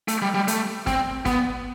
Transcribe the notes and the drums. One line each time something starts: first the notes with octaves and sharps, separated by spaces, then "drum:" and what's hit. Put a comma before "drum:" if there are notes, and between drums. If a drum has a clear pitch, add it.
A3, drum: hi-hat
G3
G3
A3, drum: hi-hat
C4, drum: snare
B3, drum: snare